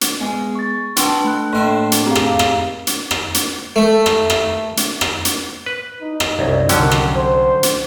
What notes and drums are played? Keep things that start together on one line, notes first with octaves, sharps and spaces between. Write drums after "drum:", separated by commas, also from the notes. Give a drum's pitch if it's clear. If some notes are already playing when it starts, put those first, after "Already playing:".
drum: hi-hat
G#3 B3
C#6 A6
D4 B4 F#5 A5 C6, drum: hi-hat
A3 B5 F#6
A2 A#3 D4 C5 E5 C6
drum: hi-hat
C4 G4 G#4 F5 A#5 D6
drum: rim click
drum: rim click
drum: hi-hat
drum: rim click
drum: hi-hat
A3
drum: rim click
drum: rim click
drum: hi-hat
drum: rim click
drum: hi-hat
B4
D#4
drum: rim click
C2 F#2 C#5
C2 D3 D#3 F#3 C#4 G5, drum: hi-hat
drum: rim click
C5
drum: hi-hat